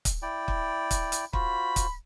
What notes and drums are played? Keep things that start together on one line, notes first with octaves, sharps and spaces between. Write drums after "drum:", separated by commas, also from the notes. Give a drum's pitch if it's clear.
drum: kick, hi-hat
E4 D5 G5
drum: kick
drum: kick, hi-hat
drum: hi-hat
F4 F#4 C5 B5, drum: kick
drum: kick, hi-hat